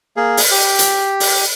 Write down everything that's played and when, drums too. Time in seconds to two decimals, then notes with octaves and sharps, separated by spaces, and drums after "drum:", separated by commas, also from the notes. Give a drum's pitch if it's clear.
0.17 A#3 G#4
0.37 drum: open hi-hat
0.51 G4
0.79 drum: hi-hat
1.20 drum: open hi-hat